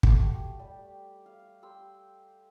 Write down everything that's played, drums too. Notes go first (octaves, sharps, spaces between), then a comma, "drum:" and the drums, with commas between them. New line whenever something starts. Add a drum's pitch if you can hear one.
A3 F#4 F#5, drum: kick
G4
G3
F5
G4 C6 E6